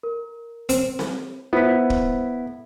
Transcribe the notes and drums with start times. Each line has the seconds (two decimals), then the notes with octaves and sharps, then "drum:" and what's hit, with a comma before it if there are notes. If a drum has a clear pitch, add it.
0.03 A#4
0.69 C4, drum: hi-hat
0.99 drum: snare C4
1.53 B3 E4 C5 B6
1.90 drum: kick